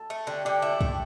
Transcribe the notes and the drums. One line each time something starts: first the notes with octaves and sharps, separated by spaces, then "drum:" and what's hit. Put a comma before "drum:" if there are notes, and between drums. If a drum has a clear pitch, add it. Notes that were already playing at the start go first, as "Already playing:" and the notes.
Already playing: A4
A3
D3 G4
D3 G4
E4 A4
A4
A3 G4, drum: kick